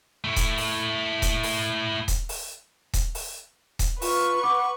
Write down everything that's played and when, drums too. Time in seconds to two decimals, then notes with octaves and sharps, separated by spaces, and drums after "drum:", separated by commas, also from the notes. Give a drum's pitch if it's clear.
0.24 A3 E4
0.36 drum: kick D#1, hi-hat
0.58 drum: open hi-hat
1.22 drum: kick D#1, hi-hat
1.43 drum: open hi-hat
2.08 drum: kick D#1, hi-hat
2.29 drum: open hi-hat
2.93 drum: kick D#1, hi-hat
3.15 drum: open hi-hat
3.79 drum: kick D#1, hi-hat
4.02 F4 B4 C#6, drum: open hi-hat
4.44 F#5 D6